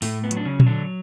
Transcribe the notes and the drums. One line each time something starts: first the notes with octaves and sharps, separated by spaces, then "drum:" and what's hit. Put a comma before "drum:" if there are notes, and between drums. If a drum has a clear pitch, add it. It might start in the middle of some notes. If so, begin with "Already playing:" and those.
A2 A3, drum: open hi-hat
B3
F#3, drum: hi-hat
D4
C#3 C#4
F#3, drum: tom A#2
D3 D4